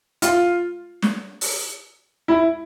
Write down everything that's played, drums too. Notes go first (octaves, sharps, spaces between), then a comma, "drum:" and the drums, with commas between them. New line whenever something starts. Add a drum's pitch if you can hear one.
F4, drum: hi-hat
drum: snare
drum: open hi-hat
E4